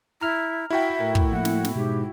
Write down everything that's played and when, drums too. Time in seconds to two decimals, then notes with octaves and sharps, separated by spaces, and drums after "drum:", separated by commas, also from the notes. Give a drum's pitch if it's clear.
0.21 E4 A#5 F6
0.70 E4 F#4 E5 G5
1.00 A2 A#4
1.15 drum: kick
1.32 F3 A#3 F#5
1.45 drum: snare
1.65 drum: snare
1.76 G#2 B2 G4